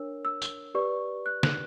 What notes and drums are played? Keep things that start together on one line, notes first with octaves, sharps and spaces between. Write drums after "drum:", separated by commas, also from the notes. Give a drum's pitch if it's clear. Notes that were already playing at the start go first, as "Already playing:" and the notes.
Already playing: D4 A#4 C#5 E6
E6
drum: tambourine
G4 B4 D5 C#6
F#6
F#6, drum: snare